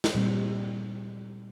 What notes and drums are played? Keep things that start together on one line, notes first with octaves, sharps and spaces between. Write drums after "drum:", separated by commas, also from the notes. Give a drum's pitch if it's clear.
drum: snare
A#2 G3 C4